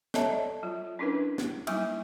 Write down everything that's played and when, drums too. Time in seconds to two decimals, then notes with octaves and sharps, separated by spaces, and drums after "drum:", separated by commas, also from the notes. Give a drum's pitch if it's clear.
0.14 A4 C#5 D#5 E5 A5 A#5, drum: snare
0.29 C#5 D5
0.63 F#3 F4
0.99 C#4 D4 E4 A#4 B4
1.38 drum: snare
1.67 F#3 G3 A#3 D#4 E4, drum: cymbal